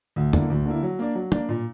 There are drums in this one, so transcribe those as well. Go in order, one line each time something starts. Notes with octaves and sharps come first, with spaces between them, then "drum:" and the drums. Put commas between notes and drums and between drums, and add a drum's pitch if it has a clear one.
D2
D3 A#3 E4, drum: tom E2
D2
D3 A#3 E4
F#3
A#3 D4
F#3
A#3 D4, drum: tom
A#2